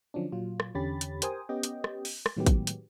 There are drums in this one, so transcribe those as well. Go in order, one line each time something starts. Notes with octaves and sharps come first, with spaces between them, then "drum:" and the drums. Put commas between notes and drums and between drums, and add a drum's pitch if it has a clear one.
D3 F3 F#3 C#4 D4
A#2 F#3 F4
drum: rim click
E2 D3 C#4 G4 B5 A6
drum: hi-hat
G4 A#4 C5 G5 G#5 D#6, drum: hi-hat
B3 C#4 G4 D#5 G5
drum: hi-hat
drum: rim click
drum: open hi-hat
drum: rim click
A2 D#3 F#3 G#3 B3 G4
drum: kick, hi-hat
drum: hi-hat